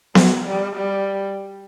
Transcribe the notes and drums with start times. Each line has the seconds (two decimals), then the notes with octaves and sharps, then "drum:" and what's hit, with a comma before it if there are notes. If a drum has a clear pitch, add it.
0.15 F#3, drum: snare B3
0.45 G3
0.76 G3